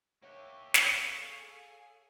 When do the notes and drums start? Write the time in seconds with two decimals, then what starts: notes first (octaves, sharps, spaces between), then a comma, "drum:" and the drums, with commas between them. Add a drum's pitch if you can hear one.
0.22 A#3 G4 C#5 E5 F#5 C#6
0.37 E6
0.74 A4 F5, drum: snare
1.23 G#4 G#5